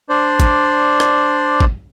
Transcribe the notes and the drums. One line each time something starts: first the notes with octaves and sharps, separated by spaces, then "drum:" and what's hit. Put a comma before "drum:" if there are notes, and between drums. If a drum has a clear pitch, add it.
D4 C5 D5
drum: kick, hi-hat
drum: rim click
drum: kick